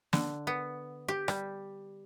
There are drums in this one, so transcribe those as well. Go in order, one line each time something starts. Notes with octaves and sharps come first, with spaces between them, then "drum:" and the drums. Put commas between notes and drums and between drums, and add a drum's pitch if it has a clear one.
D3, drum: snare
B3
G4
G3, drum: rim click